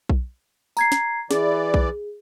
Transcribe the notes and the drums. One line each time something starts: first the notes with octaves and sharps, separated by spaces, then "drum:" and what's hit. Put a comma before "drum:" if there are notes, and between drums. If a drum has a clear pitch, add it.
drum: kick B1
A#5 G#6 C7, drum: tambourine
drum: snare
E3 G#4 D5, drum: snare
drum: kick B1